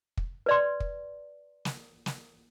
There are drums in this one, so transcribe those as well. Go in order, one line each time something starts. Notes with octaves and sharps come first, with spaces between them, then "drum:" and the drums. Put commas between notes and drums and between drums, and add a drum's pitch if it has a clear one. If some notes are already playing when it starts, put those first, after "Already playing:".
drum: kick
B4 D5 C6
drum: kick
drum: snare
drum: snare